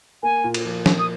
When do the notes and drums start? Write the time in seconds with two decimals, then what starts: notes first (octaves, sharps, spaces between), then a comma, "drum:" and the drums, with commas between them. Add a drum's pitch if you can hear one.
0.23 A#3 G#5
0.44 A#2
0.54 drum: cymbal
0.65 F3
0.86 F3, drum: snare
0.99 D#6